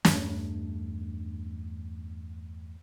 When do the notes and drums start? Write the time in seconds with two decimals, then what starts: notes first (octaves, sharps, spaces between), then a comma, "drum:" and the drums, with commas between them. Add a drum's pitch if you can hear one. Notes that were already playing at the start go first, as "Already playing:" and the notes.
0.05 E2 G2 A3 D4, drum: snare